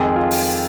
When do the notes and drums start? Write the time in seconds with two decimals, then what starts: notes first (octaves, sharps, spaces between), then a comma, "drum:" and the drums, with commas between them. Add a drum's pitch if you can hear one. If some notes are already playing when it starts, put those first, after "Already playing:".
Already playing: F2 D#3 G#3 G#4
0.16 F4
0.31 drum: open hi-hat